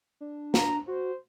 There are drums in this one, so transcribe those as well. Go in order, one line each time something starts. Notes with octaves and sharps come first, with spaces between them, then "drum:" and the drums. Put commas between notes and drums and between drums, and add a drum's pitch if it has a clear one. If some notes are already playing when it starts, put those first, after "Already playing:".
D4
A#5, drum: snare
F#4 C5